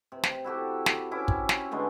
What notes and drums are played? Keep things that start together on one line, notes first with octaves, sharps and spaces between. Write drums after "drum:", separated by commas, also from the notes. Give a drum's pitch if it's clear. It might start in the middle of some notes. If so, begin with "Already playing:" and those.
C3
drum: snare
E4 F#4 G4 A4
drum: snare
C4 C#4 E4 D6
drum: kick
drum: snare
D3 G#3 A3 B3